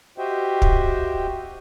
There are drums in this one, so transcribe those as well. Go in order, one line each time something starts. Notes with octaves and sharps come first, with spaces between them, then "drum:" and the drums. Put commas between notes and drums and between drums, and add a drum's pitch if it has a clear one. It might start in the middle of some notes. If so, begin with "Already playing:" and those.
F#4 G4 C5 D#5 E5 G5
drum: kick